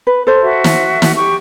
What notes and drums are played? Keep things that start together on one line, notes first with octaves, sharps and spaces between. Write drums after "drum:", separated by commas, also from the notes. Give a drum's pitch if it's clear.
B4
A4 C5
F#4 E5
drum: snare
drum: snare
G4 C#6